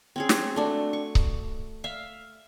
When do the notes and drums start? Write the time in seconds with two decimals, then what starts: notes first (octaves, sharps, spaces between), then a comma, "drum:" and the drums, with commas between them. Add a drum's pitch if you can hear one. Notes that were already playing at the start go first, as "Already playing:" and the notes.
0.16 C4 C#4 G#4
0.29 drum: snare
0.56 A3 D4 F#4
0.93 C#6
1.15 drum: kick C#1
1.84 E5 F5